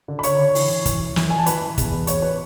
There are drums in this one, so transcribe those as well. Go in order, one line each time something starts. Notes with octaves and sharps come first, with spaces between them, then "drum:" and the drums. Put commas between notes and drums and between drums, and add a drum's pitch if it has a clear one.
D3
B5
D3 C#5 C#6, drum: hi-hat
D3
E3, drum: open hi-hat
E3
E3, drum: kick, hi-hat
E3
E3, drum: snare
E3 G#5
A5
E3 B4 B5, drum: hi-hat
E3
E2, drum: kick, hi-hat
E2
E2 C#5 C#6, drum: hi-hat
B4 B5